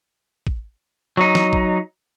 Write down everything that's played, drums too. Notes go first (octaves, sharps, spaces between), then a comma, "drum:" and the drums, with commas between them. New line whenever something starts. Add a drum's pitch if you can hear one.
drum: kick A1
F#3 D#4
drum: snare
drum: kick A1